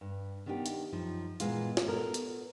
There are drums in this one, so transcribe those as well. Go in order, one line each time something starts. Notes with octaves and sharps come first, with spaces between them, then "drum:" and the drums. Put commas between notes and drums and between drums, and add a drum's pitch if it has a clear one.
G2
D#3 B3 D4 D#4 G4
drum: hi-hat
F#2 F3 D#4
A#2 E3 G#3 B3 F4, drum: hi-hat
drum: snare
B3 A4 A#4
drum: hi-hat